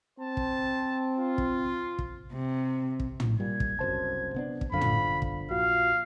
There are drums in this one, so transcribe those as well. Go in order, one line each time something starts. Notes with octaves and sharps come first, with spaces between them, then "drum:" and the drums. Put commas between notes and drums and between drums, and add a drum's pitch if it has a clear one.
C4 C5 A5
drum: kick
F4
drum: kick
drum: kick
C3
drum: kick
drum: tom
A#2 G3 G#6
drum: kick
F#1 C2 F#2 C5 A5
C3 B3 D4
drum: kick
G1 F#2 D3 F3 F5 B5
drum: tom
drum: kick
A#1 F4 F#4 F5